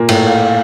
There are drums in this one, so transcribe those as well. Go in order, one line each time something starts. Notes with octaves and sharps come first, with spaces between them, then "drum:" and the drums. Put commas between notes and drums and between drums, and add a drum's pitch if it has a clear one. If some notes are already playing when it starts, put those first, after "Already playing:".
Already playing: A#2 A#3
A2 A3, drum: cymbal
F5